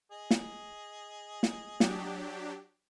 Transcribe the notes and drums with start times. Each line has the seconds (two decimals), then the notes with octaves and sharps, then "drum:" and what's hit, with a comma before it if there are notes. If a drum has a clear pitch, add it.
0.12 G#4 D#5
0.31 drum: snare
1.43 drum: snare
1.80 F#3 D4 G4, drum: snare